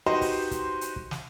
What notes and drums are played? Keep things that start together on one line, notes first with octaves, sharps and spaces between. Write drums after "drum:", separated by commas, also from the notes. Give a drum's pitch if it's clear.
D#4 F#4 G4 B4 C5 D#5
drum: kick, open hi-hat
drum: kick, hi-hat
drum: hi-hat
drum: kick
drum: snare